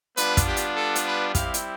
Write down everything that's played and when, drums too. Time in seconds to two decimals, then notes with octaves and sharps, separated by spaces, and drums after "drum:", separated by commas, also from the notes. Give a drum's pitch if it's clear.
0.17 G3 B3 D4 F4 B4, drum: hi-hat
0.37 drum: kick, hi-hat
0.47 G4
0.57 drum: hi-hat
0.76 A4
0.95 drum: hi-hat
1.06 B4
1.35 G3 C4 E4 G4 F5, drum: kick, hi-hat
1.54 drum: hi-hat